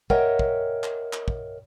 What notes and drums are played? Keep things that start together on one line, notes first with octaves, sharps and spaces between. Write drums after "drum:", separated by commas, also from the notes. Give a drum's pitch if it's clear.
A#4 C#5 D#5 E5 F#5 G5, drum: kick
drum: kick
drum: clap
drum: clap
drum: kick